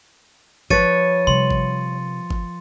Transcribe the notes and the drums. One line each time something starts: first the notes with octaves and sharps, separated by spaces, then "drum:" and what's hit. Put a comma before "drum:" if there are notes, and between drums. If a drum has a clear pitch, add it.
F3 B4 C#5 A6 C#7 D#7, drum: kick G#1
C3 G3 C6
drum: kick G#1
drum: kick G#1